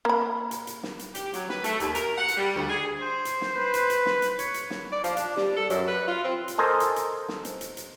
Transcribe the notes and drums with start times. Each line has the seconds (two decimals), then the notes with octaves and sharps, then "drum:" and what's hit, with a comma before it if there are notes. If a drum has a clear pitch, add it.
0.05 A#3 B5
0.51 drum: hi-hat
0.67 drum: hi-hat
0.83 drum: snare
0.99 drum: hi-hat
1.15 G4, drum: hi-hat
1.34 F#3, drum: hi-hat
1.49 B4, drum: snare
1.64 A3, drum: hi-hat
1.80 D#2, drum: hi-hat
1.95 A#4, drum: hi-hat
2.18 F#5
2.28 drum: hi-hat
2.37 G3
2.56 D2
2.69 G#4
3.02 C5
3.25 drum: hi-hat
3.41 drum: snare
3.53 B4
3.74 drum: hi-hat
3.90 drum: hi-hat
4.06 drum: snare
4.22 drum: hi-hat
4.39 C#5, drum: hi-hat
4.54 drum: hi-hat
4.70 drum: snare
4.92 D5
5.04 F3, drum: hi-hat
5.17 D4, drum: hi-hat
5.37 G3, drum: snare
5.57 A4
5.70 F#2, drum: hi-hat
5.88 B4
6.08 F4
6.25 C4
6.48 drum: hi-hat
6.58 A4 A#4 C5 D#5 G#5
6.80 drum: hi-hat
6.96 drum: hi-hat
7.28 drum: snare
7.45 drum: hi-hat
7.61 drum: hi-hat
7.77 drum: hi-hat